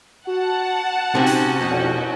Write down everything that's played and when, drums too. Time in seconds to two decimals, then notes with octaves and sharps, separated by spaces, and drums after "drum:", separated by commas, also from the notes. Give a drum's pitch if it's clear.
0.27 F#4 F#5 A5
1.15 C3 C4 C#4 D#4 F#4
1.26 drum: hi-hat
1.61 F2 B2 G6
1.71 drum: cymbal